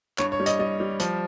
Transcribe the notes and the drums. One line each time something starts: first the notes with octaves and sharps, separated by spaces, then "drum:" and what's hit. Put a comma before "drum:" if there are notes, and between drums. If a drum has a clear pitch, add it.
G2 C#5, drum: clap
C#5
G3
D#5, drum: hi-hat
G3 D#5
G3
F3, drum: hi-hat